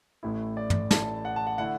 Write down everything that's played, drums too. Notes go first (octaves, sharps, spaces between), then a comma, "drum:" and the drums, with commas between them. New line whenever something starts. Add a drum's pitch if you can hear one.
A1 A2 A3 E4
D5
drum: tom
A1 A2 A3 E4 A5, drum: snare
F#5
A5
F#5
D3 A3 E4 F#5